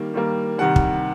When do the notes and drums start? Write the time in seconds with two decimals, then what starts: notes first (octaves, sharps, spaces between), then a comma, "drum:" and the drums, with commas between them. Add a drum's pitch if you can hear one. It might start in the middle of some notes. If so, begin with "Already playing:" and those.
Already playing: D#3 G3 A#3
0.14 D#3 G3 A#3
0.58 C3 D#3 G3 F#5
0.76 drum: kick